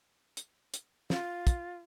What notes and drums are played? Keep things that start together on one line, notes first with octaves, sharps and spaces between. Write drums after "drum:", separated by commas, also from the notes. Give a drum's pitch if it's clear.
drum: hi-hat
drum: hi-hat
F4, drum: snare
drum: kick, hi-hat